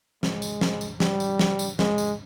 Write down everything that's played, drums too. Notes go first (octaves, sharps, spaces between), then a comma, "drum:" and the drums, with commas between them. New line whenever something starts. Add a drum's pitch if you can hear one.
G#3, drum: snare
drum: tambourine
drum: snare
drum: tambourine
G3, drum: snare
drum: tambourine
drum: snare
drum: tambourine
G#3, drum: snare
drum: tambourine